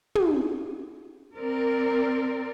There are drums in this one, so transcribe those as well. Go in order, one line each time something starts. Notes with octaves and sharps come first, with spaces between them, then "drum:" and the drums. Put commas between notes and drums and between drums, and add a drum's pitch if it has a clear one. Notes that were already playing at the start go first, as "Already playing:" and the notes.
drum: tom
C4 A#4 D5